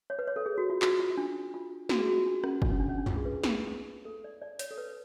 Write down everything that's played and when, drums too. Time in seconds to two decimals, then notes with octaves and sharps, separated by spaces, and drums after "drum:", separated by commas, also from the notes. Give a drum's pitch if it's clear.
0.10 C#5
0.19 B4
0.27 C#5
0.36 A4
0.46 G#4
0.58 F#4
0.70 F4
0.82 F#4, drum: clap
0.99 F4
1.10 F4
1.17 D4
1.54 F4
1.89 F#4, drum: snare
1.99 G#4
2.08 F#4
2.16 F4
2.26 D4
2.44 C#4, drum: rim click
2.62 D4, drum: kick
2.70 C#4
2.80 D4
2.89 C#4
2.98 D4
3.06 F4, drum: tom
3.16 G#4
3.25 B4
3.34 G#4
3.44 drum: snare
4.05 A4
4.24 D5
4.42 D5
4.59 C#5, drum: hi-hat
4.71 A4
4.78 B4